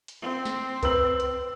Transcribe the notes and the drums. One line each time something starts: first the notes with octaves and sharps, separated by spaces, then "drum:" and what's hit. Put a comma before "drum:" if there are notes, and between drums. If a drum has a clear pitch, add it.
drum: hi-hat
C4
drum: snare
B4 E6 F#7, drum: kick C2, hi-hat
drum: hi-hat